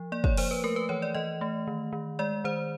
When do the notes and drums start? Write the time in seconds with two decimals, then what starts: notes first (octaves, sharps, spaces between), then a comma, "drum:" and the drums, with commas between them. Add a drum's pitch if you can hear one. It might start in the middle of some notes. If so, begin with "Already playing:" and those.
Already playing: F3
0.12 A#3 D5
0.24 C#5, drum: kick
0.37 F3 C5, drum: open hi-hat
0.51 B4
0.64 A3 A#4
0.76 B4
0.89 E3 C#5
1.02 D5
1.14 E3 D#5
1.41 A3
1.67 D#3
1.93 D#3
2.19 G#3 D5
2.44 D#3 C5